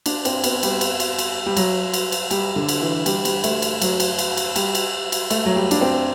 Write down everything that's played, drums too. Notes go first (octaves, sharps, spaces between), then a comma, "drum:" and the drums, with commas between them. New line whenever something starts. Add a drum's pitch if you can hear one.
D4, drum: cymbal
C4, drum: cymbal
B3, drum: cymbal
G3, drum: cymbal
drum: cymbal
drum: cymbal
drum: cymbal
G3
F#3, drum: cymbal
drum: cymbal
drum: cymbal
G3, drum: cymbal
D3
drum: cymbal
E3
G3, drum: cymbal
G3, drum: cymbal
A3, drum: cymbal
drum: cymbal
F#3, drum: cymbal
drum: cymbal
drum: cymbal
drum: cymbal
G3, drum: cymbal
drum: cymbal
drum: cymbal
A3, drum: cymbal
F#3
G3
D4, drum: cymbal
C4